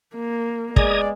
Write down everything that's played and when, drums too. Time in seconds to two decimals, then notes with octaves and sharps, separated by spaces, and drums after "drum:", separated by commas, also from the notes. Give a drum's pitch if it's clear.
0.15 A#3
0.76 G#3 B3 G#4 D5 A#5 D#6 G#6, drum: kick